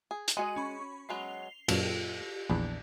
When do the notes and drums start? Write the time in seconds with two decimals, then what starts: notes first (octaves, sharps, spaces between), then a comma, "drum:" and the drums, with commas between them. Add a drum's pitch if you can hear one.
0.11 G#4
0.28 drum: hi-hat
0.37 G#3 F#4 G#4 D#5 D#7
0.56 C#4 B5 C#6
1.09 F#3 G#3 B3 C7 F7 G7
1.68 F#2 A#2 F4 G4 A4, drum: cymbal
2.50 A#1 E2 D4 B4